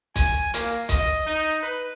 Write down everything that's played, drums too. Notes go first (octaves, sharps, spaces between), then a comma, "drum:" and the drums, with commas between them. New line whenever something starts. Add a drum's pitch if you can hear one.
G#5, drum: kick, hi-hat
A#3, drum: hi-hat
D#5, drum: kick, hi-hat
D#4
B4